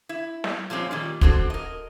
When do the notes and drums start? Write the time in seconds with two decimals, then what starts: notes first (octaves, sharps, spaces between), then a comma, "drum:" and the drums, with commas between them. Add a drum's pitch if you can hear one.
0.09 E4
0.44 drum: snare
0.70 A#2 F3 G#3 C4 C#4
0.91 A#2 D#3 G3
1.21 D3 C4 F#4 A4, drum: kick
1.50 A#4 D#5